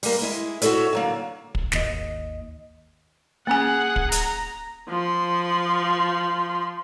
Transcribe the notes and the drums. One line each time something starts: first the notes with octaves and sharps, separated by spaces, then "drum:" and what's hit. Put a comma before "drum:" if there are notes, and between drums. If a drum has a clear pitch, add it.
G3 A#3, drum: open hi-hat
G#3 E4
F#4 G#4 A4 C#5 E5, drum: hi-hat
D3 F#3 A#3
drum: kick
G#1 D#2 D#5, drum: snare
A#3 C#4 G#4 F#5 G#5
drum: kick
A#5, drum: hi-hat
F3 C6